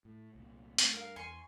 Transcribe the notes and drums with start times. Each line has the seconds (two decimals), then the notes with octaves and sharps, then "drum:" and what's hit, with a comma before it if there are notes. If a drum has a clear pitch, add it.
0.05 A2
0.35 C2 A#2
0.78 A3 C4, drum: hi-hat
0.93 G2 A#4 F5
1.16 E2 G#5 C6 C#6